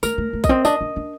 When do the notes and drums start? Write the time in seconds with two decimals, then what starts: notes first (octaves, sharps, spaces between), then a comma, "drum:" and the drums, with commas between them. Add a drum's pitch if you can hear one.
0.03 A3 A#4, drum: tambourine
0.18 A3
0.33 A3
0.44 D#5, drum: kick A#1, tambourine
0.49 C4
0.65 D4 D#5, drum: tambourine
0.81 D4
0.96 D4